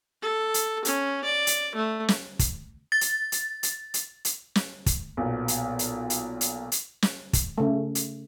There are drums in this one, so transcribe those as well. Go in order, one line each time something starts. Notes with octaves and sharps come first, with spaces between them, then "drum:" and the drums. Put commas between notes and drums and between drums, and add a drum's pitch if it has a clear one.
A4
drum: hi-hat
C#4, drum: hi-hat
D5
drum: hi-hat
A3
drum: snare
drum: kick, hi-hat
A6
drum: hi-hat
drum: hi-hat
drum: hi-hat
drum: hi-hat
drum: hi-hat
drum: snare
drum: kick, hi-hat
B1 A#2 B3
drum: hi-hat
drum: hi-hat
drum: hi-hat
drum: hi-hat
drum: hi-hat
drum: snare
drum: kick, hi-hat
C#3 A3
drum: hi-hat